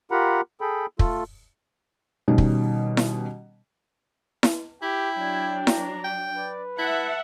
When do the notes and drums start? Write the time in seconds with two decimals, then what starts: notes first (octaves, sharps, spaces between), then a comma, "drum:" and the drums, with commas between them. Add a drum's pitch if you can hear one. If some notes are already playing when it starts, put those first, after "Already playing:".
0.11 F4 G4 A#4 F#5 A#5 B5
0.61 G#4 A4 G5 B5
0.99 A3 F4 A4, drum: kick
2.28 B2 D#3 G3 C#4
2.38 drum: kick
2.97 drum: snare E4
4.43 drum: snare E4
4.82 E4 G4 G5
5.16 F#3 D4 G#6
5.67 A#5, drum: snare E4
6.04 G5
6.37 B4 D5
6.79 E4 E5 F#5 A5